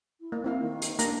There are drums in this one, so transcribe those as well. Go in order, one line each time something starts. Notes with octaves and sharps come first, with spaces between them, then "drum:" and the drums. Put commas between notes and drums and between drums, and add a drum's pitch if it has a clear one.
E4
A#3
A#3 C4 E4 F5
D#3
drum: hi-hat
A#3 D4 A#5, drum: hi-hat